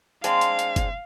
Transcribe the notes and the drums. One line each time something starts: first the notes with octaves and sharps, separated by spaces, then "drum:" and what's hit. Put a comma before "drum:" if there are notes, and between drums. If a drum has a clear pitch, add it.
G#3 C4 D4 F5, drum: hi-hat
drum: hi-hat
drum: hi-hat
drum: kick F#1, hi-hat